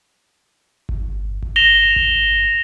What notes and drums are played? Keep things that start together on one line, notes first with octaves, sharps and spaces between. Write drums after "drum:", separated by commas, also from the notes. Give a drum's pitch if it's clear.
drum: kick G1
drum: kick G1
A#6 E7 F7 G7
drum: kick G1